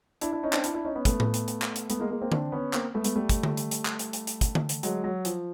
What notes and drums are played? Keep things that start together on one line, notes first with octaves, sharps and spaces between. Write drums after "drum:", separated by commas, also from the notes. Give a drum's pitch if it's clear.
D4 E4, drum: hi-hat
D4 E4
C#4 D#4
C4 D4, drum: clap
D4 E4, drum: hi-hat
D4 E4
C#4 D#4
B3 C#4
A3 B3, drum: kick, hi-hat
drum: tom A2
drum: hi-hat
drum: hi-hat
drum: clap
drum: hi-hat
A3 B3, drum: hi-hat
G#3 A#3
G#3 A#3
A#3 C4
C4 D4, drum: tom D3
B3 C#4
A#3 C4, drum: clap
A3 B3
A3 B3, drum: hi-hat
G3 A3
drum: kick, hi-hat
drum: tom D3
drum: hi-hat
drum: hi-hat
drum: clap
drum: hi-hat
drum: hi-hat
drum: hi-hat
drum: kick, hi-hat
drum: tom D3
drum: hi-hat
F#3 G#3, drum: hi-hat
F#3
F3, drum: hi-hat